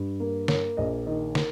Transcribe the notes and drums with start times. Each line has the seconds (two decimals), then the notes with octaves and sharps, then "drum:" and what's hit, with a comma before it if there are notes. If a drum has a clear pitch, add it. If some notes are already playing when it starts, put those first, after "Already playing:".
Already playing: G2
0.20 A#3
0.48 A#3 C#5, drum: snare
0.77 A#1 D#5
1.07 D#3 D#5
1.35 A#4, drum: snare